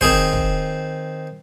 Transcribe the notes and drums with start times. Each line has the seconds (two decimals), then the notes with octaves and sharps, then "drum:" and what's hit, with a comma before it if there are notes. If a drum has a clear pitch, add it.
0.01 D#3 C4 G#4 C5, drum: kick
0.33 drum: kick